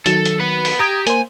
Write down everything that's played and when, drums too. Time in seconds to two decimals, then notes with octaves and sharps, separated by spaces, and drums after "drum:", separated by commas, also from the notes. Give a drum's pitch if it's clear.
0.06 D#3 F#3 A4, drum: hi-hat
0.25 drum: hi-hat
0.40 B4 F#5
0.65 drum: open hi-hat
0.79 G4 A#5 D#6 G#6
1.07 A#3 C5 G#5, drum: hi-hat